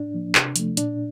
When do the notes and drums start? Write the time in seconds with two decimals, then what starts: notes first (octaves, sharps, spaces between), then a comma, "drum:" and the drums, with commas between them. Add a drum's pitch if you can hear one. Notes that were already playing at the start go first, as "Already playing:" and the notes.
Already playing: A2 D4
0.14 F3 A#3
0.35 C3, drum: clap
0.56 F3 A3, drum: hi-hat
0.77 A#2 D4, drum: hi-hat